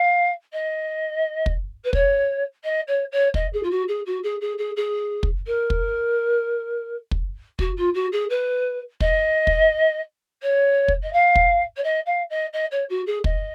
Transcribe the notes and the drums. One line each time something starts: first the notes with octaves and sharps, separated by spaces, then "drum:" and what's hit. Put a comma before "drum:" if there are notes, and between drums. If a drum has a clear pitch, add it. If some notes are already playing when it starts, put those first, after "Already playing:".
Already playing: F5
D#5
drum: kick
B4
C#5, drum: kick
D#5
C#5
C#5
D#5, drum: kick
G#4
F4
F#4
G#4
F#4
G#4
G#4
G#4
G#4
drum: kick
A#4
drum: kick
drum: kick
F#4, drum: kick
F4
F#4
G#4
B4
D#5, drum: kick
drum: kick
C#5
drum: kick
D#5
F5
drum: kick
C#5
D#5
F5
D#5
D#5
C#5
F#4
G#4
D#5, drum: kick